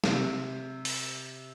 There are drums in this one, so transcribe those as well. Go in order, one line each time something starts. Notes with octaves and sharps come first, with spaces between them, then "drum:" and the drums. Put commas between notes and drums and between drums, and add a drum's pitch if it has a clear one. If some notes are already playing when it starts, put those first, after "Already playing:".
C3, drum: snare
drum: open hi-hat